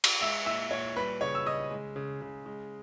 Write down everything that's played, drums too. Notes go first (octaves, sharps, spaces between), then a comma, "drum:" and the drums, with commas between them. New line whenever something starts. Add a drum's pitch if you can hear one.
drum: cymbal
G#3 E5 E6
A#2 E5 E6
A#2 C#5 C#6
G3 B4 B5
C#3 C#5 C#6
E6
C#3 D#5 D#6
G#3
C#3
C#3
G#3